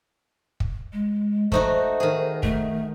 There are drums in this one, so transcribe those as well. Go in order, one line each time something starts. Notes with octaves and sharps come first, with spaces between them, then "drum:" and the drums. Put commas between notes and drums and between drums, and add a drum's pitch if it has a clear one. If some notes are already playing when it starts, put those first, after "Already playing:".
drum: kick
G#3
A3 D#4 F#4 C5, drum: kick
D#3 G#4
A3, drum: kick